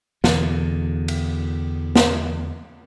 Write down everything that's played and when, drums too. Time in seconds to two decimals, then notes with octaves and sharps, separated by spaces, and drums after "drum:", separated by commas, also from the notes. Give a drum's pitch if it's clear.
0.24 E2 B2 D3, drum: snare
1.08 drum: cymbal
1.96 drum: snare